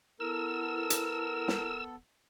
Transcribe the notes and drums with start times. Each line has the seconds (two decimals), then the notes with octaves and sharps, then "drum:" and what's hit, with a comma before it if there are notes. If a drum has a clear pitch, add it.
0.20 B3 E4 A4 A#4 E6
0.90 drum: hi-hat
1.48 drum: snare